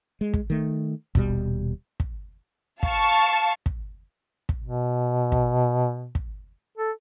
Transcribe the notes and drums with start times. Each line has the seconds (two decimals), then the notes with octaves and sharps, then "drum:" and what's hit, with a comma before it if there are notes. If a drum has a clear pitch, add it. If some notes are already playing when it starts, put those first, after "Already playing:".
0.21 G#3
0.34 drum: kick
0.50 D#3 A3
1.15 D#1 B2 G3, drum: kick
2.00 drum: kick
2.83 F5 A5 C#6, drum: kick
3.66 drum: kick
4.49 drum: kick
4.63 B2
5.32 drum: kick
6.15 drum: kick
6.78 A4